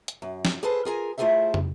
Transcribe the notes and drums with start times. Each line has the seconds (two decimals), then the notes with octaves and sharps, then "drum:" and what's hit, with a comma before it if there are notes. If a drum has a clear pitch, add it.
0.08 drum: hi-hat
0.22 F#2
0.45 drum: snare
0.63 G#4 A4 B4 C5 A5
0.85 F4 G#4 A#4 G#5
1.18 A3 E4 F4 G#4 C5 E5
1.54 drum: tom